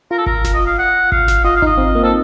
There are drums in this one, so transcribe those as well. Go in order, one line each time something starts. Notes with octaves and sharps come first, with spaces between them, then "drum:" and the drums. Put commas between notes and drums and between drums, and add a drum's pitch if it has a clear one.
F4 A#4
A4
A#4, drum: kick G#1
drum: snare F1
D#5
F5
F#5
F5, drum: kick G#1
drum: snare F1
F4 D#5
F5
D#4 D#5, drum: kick G#1
C4
A#3
C4 A4